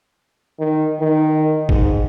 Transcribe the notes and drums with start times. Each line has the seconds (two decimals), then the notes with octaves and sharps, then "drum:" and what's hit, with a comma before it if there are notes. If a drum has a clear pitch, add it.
0.60 D#3
1.00 D#3
1.69 G#2, drum: kick G#1